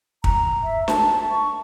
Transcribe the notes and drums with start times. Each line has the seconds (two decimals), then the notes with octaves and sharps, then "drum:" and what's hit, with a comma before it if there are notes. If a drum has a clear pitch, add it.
0.24 A#5, drum: kick
0.63 E5
0.88 A5, drum: snare
1.30 C#6